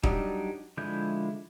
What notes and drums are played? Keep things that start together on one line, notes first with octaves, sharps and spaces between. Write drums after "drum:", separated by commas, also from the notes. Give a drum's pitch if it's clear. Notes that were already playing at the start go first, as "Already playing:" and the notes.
F#3 G3 D4 D#4 G4, drum: kick D#1
D3 F3 G#3 E4 G6